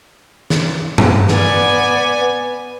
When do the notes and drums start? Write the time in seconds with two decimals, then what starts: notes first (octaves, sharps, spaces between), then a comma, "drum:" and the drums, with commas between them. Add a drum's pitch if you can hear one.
0.50 drum: snare
0.98 drum: tom G2
1.28 B3 D5 G#5, drum: snare